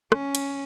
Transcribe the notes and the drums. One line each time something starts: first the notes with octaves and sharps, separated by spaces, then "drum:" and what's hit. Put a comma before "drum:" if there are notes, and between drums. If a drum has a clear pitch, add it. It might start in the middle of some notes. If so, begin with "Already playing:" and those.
C#4, drum: rim click
drum: cymbal